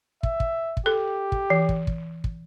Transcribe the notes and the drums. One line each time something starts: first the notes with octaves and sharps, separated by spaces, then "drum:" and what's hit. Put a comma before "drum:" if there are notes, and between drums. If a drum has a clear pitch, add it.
E5, drum: kick
drum: kick
drum: kick
G4 A4
drum: kick
E3
drum: kick
drum: kick
drum: kick